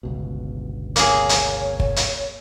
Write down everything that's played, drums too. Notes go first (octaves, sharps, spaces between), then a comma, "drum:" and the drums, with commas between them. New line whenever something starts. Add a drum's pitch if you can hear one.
G1 C#2 B2
A#3 G#4 C#5, drum: hi-hat
drum: hi-hat
drum: kick
drum: hi-hat